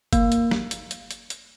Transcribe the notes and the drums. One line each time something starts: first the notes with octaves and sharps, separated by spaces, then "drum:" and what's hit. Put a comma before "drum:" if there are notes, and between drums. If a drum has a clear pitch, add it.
A#3, drum: kick F#1, hi-hat
drum: hi-hat
drum: snare
drum: hi-hat
drum: hi-hat
drum: hi-hat
drum: hi-hat